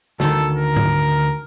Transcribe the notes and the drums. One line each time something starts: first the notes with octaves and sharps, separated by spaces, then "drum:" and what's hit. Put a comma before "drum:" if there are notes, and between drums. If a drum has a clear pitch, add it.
D2 D#3 A4, drum: snare
A#4
drum: tom G#2